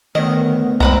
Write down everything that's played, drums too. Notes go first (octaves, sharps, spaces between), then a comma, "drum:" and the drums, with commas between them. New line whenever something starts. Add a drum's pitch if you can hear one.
D2 D#3 B3 C#5 D#5
G#3 C4 B4 A#5, drum: kick